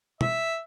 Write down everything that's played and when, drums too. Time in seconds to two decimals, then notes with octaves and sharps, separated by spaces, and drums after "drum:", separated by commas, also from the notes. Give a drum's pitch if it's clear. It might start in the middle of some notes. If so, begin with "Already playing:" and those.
0.21 E5, drum: tom B2